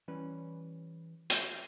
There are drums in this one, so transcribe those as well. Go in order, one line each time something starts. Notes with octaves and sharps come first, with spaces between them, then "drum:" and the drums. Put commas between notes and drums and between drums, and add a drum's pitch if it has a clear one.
E3 G3 C#4 B4
drum: hi-hat